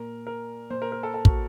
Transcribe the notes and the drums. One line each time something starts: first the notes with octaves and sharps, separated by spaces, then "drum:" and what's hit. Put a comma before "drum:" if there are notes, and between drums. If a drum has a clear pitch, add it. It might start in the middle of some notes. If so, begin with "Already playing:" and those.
Already playing: A#2 A#4
A#4
A#2 C5
A#4
A#4
A4
A4
F#4, drum: kick